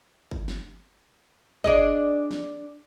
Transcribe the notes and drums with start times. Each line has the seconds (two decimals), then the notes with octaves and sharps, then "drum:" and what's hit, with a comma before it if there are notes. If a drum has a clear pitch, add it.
0.31 drum: kick
0.48 drum: snare
1.64 D4 G#4 D#5, drum: kick
2.31 drum: snare